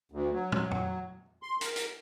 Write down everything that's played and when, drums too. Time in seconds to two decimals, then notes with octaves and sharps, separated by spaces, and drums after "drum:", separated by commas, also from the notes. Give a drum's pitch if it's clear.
0.12 D2
0.31 F#3
0.52 drum: tom
0.71 drum: tom
1.43 C6
1.61 A#4, drum: hi-hat
1.76 drum: hi-hat